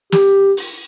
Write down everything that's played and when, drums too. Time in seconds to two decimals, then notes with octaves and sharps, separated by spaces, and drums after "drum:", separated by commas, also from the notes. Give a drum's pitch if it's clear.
0.12 G4, drum: snare
0.57 drum: open hi-hat